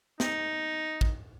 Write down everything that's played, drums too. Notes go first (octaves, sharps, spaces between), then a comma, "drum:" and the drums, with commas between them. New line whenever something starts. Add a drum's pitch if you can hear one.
D#4, drum: snare
drum: kick